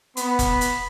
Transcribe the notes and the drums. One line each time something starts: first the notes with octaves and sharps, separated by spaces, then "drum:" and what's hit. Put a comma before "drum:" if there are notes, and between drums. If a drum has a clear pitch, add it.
B3 B5, drum: hi-hat
drum: kick F1, hi-hat
drum: hi-hat